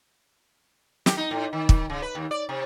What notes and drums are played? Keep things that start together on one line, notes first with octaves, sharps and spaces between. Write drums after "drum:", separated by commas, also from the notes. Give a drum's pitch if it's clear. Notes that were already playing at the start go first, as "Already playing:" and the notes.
G4, drum: snare
D#4
A2
D#3
D#3, drum: kick
C#3
B4
D#2
D5
C3